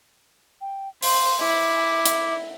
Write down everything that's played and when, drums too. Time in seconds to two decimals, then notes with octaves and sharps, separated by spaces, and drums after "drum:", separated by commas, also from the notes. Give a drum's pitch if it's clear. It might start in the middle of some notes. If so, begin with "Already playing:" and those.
0.61 G5
1.02 C5 F5, drum: open hi-hat
1.40 E4 D6
2.06 drum: hi-hat